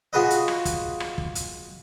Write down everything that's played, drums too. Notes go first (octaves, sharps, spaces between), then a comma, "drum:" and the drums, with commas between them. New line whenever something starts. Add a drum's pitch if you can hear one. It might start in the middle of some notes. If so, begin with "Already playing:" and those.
F4 F#4 G#4 B4 D#5
drum: hi-hat
drum: rim click
drum: kick, hi-hat
drum: rim click
drum: kick
drum: hi-hat